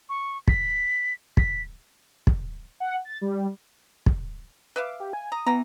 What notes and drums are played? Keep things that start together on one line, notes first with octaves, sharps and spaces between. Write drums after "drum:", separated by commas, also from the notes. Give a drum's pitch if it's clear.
C#6
B6, drum: kick
B6, drum: kick
drum: kick
F#5
A6
G3
drum: kick
B4 E5 F5 D6
G4
G#5
A#5 D#6
E3 B3 A#5